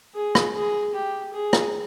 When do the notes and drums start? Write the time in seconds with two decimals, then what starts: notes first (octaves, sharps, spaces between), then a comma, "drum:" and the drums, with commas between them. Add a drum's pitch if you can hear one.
0.15 G#4
0.35 drum: rim click
0.55 G#4
0.94 G4
1.33 G#4
1.53 drum: rim click